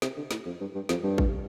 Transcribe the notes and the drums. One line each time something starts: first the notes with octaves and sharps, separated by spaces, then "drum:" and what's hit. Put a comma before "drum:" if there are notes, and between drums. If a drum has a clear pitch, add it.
C3, drum: snare
D3
A2, drum: snare
F2
G2
G2
F2, drum: snare
G2
drum: kick A1